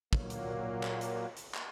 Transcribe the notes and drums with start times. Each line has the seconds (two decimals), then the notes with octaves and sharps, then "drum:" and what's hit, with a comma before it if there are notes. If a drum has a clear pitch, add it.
0.13 A#2 F#3 A#3, drum: kick
0.30 drum: hi-hat
0.83 drum: clap
1.01 drum: hi-hat
1.37 drum: hi-hat
1.54 drum: clap